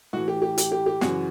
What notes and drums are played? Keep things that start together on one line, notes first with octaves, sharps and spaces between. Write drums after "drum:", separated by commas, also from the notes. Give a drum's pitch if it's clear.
A2 E3 F#4
G4
G4
G4, drum: hi-hat
G4
G4
F#2 C#3 E3 F#4, drum: snare